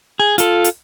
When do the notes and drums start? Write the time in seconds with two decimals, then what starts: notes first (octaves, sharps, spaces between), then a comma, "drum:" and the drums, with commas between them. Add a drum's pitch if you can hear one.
0.20 G#4
0.38 F4 A4, drum: hi-hat
0.64 drum: hi-hat